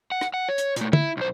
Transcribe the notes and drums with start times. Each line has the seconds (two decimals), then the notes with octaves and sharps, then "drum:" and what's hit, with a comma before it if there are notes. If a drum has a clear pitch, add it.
0.12 F#5
0.21 drum: rim click
0.34 F#5
0.49 C#5
0.58 drum: hi-hat
0.76 A#2 A3, drum: hi-hat
0.93 E4, drum: tom
1.17 B1 C5